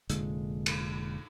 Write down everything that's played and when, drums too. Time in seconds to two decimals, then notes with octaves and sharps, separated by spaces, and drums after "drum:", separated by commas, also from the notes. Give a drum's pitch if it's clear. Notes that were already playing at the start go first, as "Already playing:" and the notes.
0.10 F1 A#2 D3 G#3, drum: hi-hat
0.66 drum: cymbal